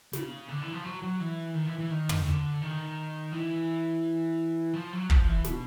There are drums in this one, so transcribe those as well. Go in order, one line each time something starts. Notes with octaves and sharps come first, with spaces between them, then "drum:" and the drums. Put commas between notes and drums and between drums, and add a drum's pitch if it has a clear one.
C#3, drum: snare
D3
E3
F3
F#3
F#3
E3
D#3
E3
E3
D#3
drum: tom
C#3
D3
D#3
E3
F3
F#3
F3, drum: kick
E3
B2, drum: snare